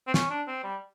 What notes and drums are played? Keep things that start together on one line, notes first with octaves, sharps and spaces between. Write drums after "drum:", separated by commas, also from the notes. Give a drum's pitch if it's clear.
C4
C#4, drum: snare
D4
C4
G3